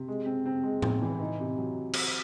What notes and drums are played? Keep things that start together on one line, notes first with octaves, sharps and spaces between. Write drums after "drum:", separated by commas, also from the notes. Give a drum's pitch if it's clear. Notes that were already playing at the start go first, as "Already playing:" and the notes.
Already playing: C3
G#3
C4
C4
G#3
C4, drum: tom
E3
D#4
C3
F#3
drum: cymbal